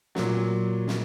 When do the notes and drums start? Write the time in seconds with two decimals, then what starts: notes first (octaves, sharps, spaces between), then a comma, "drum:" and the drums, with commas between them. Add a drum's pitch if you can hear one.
0.15 A#2 F#3, drum: snare
0.87 drum: snare